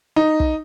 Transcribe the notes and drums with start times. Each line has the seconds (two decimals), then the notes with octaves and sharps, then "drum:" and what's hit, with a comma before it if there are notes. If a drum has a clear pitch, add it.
0.16 D#4
0.40 drum: kick